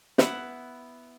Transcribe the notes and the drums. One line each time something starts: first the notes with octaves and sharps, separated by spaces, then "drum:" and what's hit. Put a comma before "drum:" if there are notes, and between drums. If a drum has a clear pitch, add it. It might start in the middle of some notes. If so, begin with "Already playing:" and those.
B3 E4 F#5, drum: snare